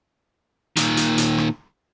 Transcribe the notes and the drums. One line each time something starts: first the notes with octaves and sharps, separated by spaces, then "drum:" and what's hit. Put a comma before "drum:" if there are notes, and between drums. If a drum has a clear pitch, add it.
A#2 D#3, drum: hi-hat
drum: hi-hat
drum: hi-hat
drum: rim click